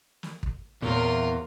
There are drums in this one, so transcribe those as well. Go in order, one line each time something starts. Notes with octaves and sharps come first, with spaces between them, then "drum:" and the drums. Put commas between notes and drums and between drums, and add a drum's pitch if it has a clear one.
drum: snare
drum: kick
E2 A#2 F#3 A#3 C4 F4 A#4